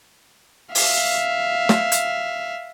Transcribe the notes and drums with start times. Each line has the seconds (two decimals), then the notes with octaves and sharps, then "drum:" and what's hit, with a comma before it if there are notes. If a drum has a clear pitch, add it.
0.75 E5 F5, drum: open hi-hat
1.69 drum: snare
1.92 drum: hi-hat